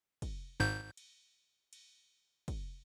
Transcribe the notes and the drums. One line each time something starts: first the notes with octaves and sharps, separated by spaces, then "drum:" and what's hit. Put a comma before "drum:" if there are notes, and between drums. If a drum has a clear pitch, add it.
drum: kick, cymbal
G#1 G#2 G6
drum: cymbal
drum: cymbal
drum: kick, cymbal